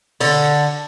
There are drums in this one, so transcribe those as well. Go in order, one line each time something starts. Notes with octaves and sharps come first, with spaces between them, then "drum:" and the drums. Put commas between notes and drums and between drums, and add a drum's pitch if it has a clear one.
D3, drum: open hi-hat